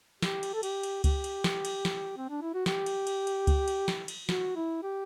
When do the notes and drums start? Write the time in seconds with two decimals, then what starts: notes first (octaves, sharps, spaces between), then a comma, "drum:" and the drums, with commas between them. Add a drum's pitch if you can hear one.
0.22 G4, drum: snare
0.43 drum: cymbal
0.54 A4
0.63 G4, drum: cymbal
0.83 drum: cymbal
1.04 G4, drum: kick C#2, cymbal
1.24 drum: cymbal
1.44 drum: snare
1.65 drum: cymbal
1.85 drum: snare
2.17 C4
2.29 D4
2.42 E4
2.54 F#4
2.66 G4, drum: snare
2.86 drum: cymbal
3.07 drum: cymbal
3.27 drum: cymbal
3.47 drum: kick C#2, cymbal
3.68 drum: cymbal
3.88 drum: snare
4.08 drum: cymbal
4.29 F#4, drum: snare
4.56 E4
4.83 G4